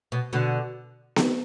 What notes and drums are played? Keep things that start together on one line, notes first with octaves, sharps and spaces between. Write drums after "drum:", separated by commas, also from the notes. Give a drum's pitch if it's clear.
B2
B2 D3
drum: snare B3